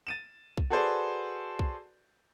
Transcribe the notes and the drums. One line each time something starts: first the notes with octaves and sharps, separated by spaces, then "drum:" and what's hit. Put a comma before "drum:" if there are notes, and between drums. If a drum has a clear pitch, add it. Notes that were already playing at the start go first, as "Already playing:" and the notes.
A6 D#7 E7
drum: kick B1
F#4 G#4 A4 B4 C5 D5
drum: kick B1